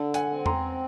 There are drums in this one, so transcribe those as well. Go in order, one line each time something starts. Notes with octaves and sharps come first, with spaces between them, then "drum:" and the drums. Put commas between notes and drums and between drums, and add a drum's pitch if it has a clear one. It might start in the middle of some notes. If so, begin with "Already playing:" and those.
Already playing: D3 A5
F#5 G#5, drum: hi-hat
C4
A#5 C6, drum: tom E2